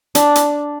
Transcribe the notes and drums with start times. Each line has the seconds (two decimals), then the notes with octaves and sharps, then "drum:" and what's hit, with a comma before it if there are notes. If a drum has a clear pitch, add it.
0.15 D4, drum: hi-hat
0.35 drum: hi-hat